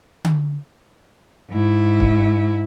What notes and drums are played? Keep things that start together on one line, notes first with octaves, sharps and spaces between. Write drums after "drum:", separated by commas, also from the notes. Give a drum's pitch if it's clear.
drum: tom D3
G#2 E4
drum: kick C#1